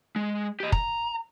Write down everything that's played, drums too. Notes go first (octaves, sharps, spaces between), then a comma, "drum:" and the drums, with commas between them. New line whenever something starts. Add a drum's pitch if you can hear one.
G#3
G4 D#5
A#5, drum: kick